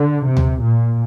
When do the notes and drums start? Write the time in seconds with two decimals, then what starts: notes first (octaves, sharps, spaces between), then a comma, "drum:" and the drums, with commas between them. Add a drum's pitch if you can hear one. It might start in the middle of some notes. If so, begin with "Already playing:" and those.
Already playing: D3
0.25 C3
0.37 drum: tom D2
0.61 A#2